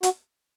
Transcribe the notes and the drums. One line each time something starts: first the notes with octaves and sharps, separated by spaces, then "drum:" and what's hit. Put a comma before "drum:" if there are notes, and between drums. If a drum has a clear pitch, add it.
F#4, drum: hi-hat